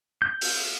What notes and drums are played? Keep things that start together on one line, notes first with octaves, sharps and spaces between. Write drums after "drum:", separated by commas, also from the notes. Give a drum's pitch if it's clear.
G6
drum: open hi-hat